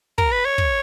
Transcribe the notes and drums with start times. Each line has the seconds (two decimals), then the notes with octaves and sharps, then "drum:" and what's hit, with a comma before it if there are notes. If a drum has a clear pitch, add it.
0.18 A#4, drum: kick
0.32 B4
0.45 C#5
0.58 drum: kick